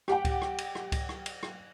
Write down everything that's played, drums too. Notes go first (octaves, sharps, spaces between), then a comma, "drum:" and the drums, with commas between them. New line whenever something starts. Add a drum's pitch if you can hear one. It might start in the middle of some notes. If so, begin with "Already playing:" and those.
G4 F#5 G5, drum: rim click
drum: kick C#2, cymbal
drum: rim click
drum: cymbal
drum: rim click
drum: kick C#2, cymbal
drum: rim click
drum: cymbal
drum: rim click